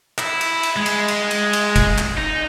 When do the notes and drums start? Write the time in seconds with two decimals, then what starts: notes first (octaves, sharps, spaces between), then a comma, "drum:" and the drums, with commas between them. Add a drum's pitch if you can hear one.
0.18 E4, drum: clap
0.41 drum: cymbal
0.63 drum: cymbal
0.76 G#3
0.86 drum: cymbal
1.08 drum: cymbal
1.31 drum: cymbal
1.53 drum: cymbal
1.76 drum: kick, cymbal
1.98 drum: clap
2.17 D#4